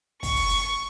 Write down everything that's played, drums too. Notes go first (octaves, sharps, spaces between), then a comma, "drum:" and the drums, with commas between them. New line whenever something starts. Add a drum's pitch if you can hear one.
C#6, drum: kick, open hi-hat
drum: open hi-hat
drum: open hi-hat